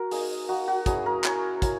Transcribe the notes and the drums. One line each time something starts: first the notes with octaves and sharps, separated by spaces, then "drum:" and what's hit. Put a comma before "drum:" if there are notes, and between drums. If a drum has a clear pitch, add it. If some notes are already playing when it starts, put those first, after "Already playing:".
Already playing: F#4 A#4
A#3 D#4 G#4, drum: open hi-hat
A#3 D#4 F#4
F#4
F#3 C#4 E4 G#4, drum: kick, hi-hat
A#4
F#3 C#4 E4 C#5, drum: clap
F#3 C#4 E4, drum: kick, hi-hat